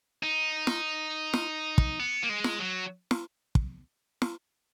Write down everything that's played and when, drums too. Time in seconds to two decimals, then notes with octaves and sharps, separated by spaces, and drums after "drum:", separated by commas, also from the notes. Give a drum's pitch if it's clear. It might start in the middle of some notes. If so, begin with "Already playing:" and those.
0.23 D#4
0.67 drum: snare
1.33 drum: snare
1.78 drum: kick
1.99 B3
2.24 A#3
2.29 G#3
2.44 drum: snare
2.59 F#3
3.11 drum: snare
3.55 drum: kick
4.22 drum: snare